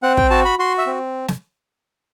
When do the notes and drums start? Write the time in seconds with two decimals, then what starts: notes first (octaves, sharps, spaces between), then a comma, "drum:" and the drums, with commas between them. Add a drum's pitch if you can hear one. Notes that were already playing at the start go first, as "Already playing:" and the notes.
0.03 C4 F#5
0.17 G5, drum: kick
0.30 F#4 A5
0.45 B5
0.59 F#4 C6
0.78 E5
0.87 C4
1.28 drum: snare